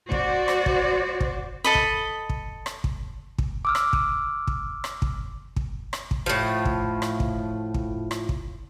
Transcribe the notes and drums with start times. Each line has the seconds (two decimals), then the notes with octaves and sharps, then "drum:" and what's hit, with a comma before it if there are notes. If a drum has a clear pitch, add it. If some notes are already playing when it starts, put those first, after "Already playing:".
0.12 F#4 C5 D5, drum: kick
0.48 drum: rim click
0.66 drum: kick
1.21 drum: kick
1.64 A4 D#5 B5
1.75 drum: kick
2.29 drum: kick
2.66 drum: rim click
2.84 drum: kick
3.38 drum: kick
3.65 D6 E6 F6
3.75 drum: rim click
3.93 drum: kick
4.47 drum: kick
4.84 drum: rim click
5.02 drum: kick
5.56 drum: kick
5.93 drum: rim click
6.11 drum: kick
6.26 A2 F3
6.65 drum: kick
7.02 drum: rim click
7.20 drum: kick
7.74 drum: kick
8.11 drum: rim click
8.29 drum: kick